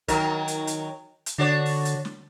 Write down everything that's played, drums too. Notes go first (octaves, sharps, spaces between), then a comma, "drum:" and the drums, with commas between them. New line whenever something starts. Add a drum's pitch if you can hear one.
D#3 F#3 A#4, drum: kick, hi-hat
drum: hi-hat
drum: hi-hat
drum: hi-hat
D3 D4 F#4 C#5
drum: open hi-hat
drum: hi-hat
drum: snare